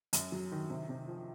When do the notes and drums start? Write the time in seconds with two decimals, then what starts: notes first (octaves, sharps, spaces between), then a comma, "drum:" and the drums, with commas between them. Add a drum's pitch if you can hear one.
0.13 F#2, drum: hi-hat
0.32 F#3
0.52 D#3
0.70 C3
0.89 C3
1.08 F3